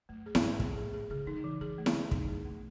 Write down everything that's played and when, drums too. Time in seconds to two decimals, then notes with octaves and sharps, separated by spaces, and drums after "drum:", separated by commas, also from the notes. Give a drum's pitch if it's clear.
0.09 F#2 A3
0.26 G#4
0.35 G#2, drum: snare E4
0.43 A3
0.60 A2 G#4, drum: kick
0.77 G#4
0.94 G#4
1.10 C#3 G#4
1.27 E3 D#4
1.36 D#3
1.44 E3
1.61 D#3 G#4
1.78 A3
1.86 C#3, drum: snare E4
1.94 G#4
2.11 F#2 D#4, drum: kick
2.28 G#4
2.45 A3